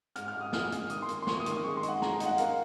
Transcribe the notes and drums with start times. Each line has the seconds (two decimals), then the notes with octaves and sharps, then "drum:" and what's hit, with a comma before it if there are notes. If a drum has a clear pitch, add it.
0.16 G#2 F6, drum: hi-hat
0.28 F6
0.35 G#2
0.41 D#6
0.53 G#3 F6, drum: snare
0.72 G#3, drum: hi-hat
0.90 D#3 D#6, drum: hi-hat
1.02 C6
1.09 A#3, drum: hi-hat
1.22 C6
1.27 A#3 C#6, drum: snare
1.40 D#6
1.46 D#3, drum: hi-hat
1.52 D#6
1.64 G#3 C#6
1.77 C6
1.83 D#4, drum: hi-hat
1.89 F#5
2.02 G#3 A#5, drum: snare
2.20 D#4, drum: hi-hat
2.26 F#5
2.38 A#3 F5, drum: hi-hat